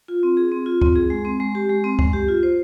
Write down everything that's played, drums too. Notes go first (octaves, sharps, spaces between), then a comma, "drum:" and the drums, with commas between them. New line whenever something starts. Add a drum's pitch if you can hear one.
F4
C4
G#4
C4
F4
C4, drum: kick C#2
G#4
G#3
C4
G#3
G4
G#3
C4
G#3, drum: kick C#2
G4
F4
C5